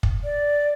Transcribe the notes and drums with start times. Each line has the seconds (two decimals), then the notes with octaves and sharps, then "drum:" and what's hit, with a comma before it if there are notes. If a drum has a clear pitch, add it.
0.03 drum: kick
0.24 D5